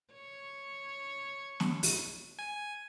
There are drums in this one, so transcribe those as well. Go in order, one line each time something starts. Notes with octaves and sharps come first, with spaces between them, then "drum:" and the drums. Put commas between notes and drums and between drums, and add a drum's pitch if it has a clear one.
C#5
drum: snare
drum: open hi-hat
G#5